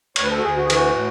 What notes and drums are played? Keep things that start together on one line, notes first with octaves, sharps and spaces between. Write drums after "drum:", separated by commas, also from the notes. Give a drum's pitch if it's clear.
D2 C#5, drum: cymbal
B4
A4
F#4
D2 G#4
F#4
G#4
E3 F#4, drum: cymbal
A2